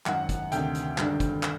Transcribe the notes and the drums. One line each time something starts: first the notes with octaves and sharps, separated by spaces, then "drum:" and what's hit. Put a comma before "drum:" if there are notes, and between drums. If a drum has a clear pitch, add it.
G#1 F#2 D#3 F#5, drum: clap
drum: kick, hi-hat
D2 C3 D#3 G5, drum: hi-hat
drum: hi-hat
G#1 G2 D3, drum: clap
drum: kick, hi-hat
drum: clap